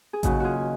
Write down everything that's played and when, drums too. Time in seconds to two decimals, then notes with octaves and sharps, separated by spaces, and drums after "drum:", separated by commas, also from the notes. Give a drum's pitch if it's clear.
0.13 G#4
0.23 D#2 C#3 F#3 D#4 F#4, drum: kick A1, hi-hat
0.40 F4 F#4 G#4